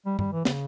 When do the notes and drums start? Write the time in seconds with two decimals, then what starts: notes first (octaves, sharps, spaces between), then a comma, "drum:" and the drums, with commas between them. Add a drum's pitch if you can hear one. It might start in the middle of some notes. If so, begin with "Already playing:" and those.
0.06 G3
0.19 G3, drum: tom G2
0.33 E3
0.45 C#3, drum: snare